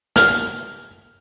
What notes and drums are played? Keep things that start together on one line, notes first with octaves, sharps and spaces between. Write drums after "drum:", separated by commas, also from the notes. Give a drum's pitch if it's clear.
F6, drum: snare